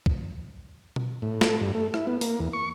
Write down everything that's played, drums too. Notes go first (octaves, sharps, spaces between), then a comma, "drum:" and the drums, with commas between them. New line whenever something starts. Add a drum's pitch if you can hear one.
drum: kick
drum: tom B2
A2
A4, drum: snare
G2
A3
E4, drum: rim click
B3
A#3, drum: open hi-hat
E2
C#6